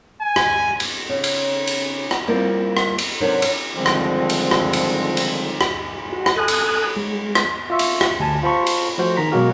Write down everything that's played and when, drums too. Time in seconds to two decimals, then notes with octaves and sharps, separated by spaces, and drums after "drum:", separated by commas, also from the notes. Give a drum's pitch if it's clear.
0.21 G#5
0.36 drum: rim click
0.80 drum: cymbal
1.09 C#3
1.24 drum: cymbal
1.67 drum: cymbal
2.11 drum: rim click
2.28 G3 A#3 C4 E4 F4
2.77 drum: rim click
2.98 drum: cymbal
3.20 G#2 C3 F#3 D4 A#4 C5
3.42 drum: cymbal
3.75 D3 D#3 F3 G3 G#3 C4
3.86 drum: rim click
4.30 drum: cymbal
4.51 drum: rim click
4.73 drum: cymbal
5.17 drum: cymbal
5.61 drum: rim click
6.13 F#4
6.26 drum: rim click
6.36 A4 G#5 D#6 F#6
6.48 drum: cymbal
6.97 G#3
7.35 drum: rim click
7.70 F4 E5 C#6
7.79 drum: cymbal
8.01 drum: rim click
8.20 D2 G#5 A5
8.43 F4 C5 A5 B5 C#6
8.67 drum: cymbal
8.98 F3 A3 F#4 C5
9.17 D#3 A#3 A#5 B6
9.32 B2 F#3 G#3 A#3 F#4 A#4